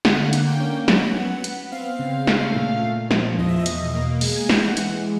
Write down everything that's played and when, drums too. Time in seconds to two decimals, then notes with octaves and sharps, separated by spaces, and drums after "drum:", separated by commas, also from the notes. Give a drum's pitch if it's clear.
0.05 D3 F#5, drum: snare
0.14 F5
0.25 F#5
0.33 A#3, drum: hi-hat
0.47 G5
0.60 C#4
0.88 F#3 F#5, drum: snare
1.16 B3
1.44 B3, drum: hi-hat
1.72 C4 F5
1.99 C#3
2.27 A3, drum: snare
2.55 A#2
2.83 A#2
3.11 F3, drum: snare
3.38 E2 D#5
3.49 E5
3.59 D#5
3.66 B2, drum: hi-hat
3.95 A#3
4.21 G#3, drum: open hi-hat
4.36 G#5
4.49 E3 G5, drum: snare
4.63 F#5
4.77 G#3, drum: hi-hat